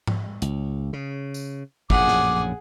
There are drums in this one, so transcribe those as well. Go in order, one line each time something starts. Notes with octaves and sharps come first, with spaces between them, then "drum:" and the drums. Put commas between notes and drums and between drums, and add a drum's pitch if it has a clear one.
drum: tom G#2
C#2, drum: hi-hat
C#3
drum: tambourine
A#1 F#2 A2 G#4 F#5 D6, drum: kick
drum: snare